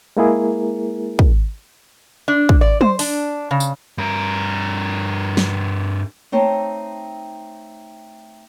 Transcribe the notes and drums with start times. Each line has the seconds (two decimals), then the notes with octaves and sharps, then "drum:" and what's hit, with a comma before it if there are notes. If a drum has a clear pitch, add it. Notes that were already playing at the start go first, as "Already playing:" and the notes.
0.17 G#3 A#3 E4 G#4 A#4
1.19 drum: kick
2.28 D4
2.49 drum: kick
2.61 D5
2.81 C5, drum: tom
2.99 D4, drum: open hi-hat
3.51 C#3
3.60 drum: tambourine
3.98 G2 A#4
5.37 drum: snare
6.32 A3 C4 D#4 C#5 A5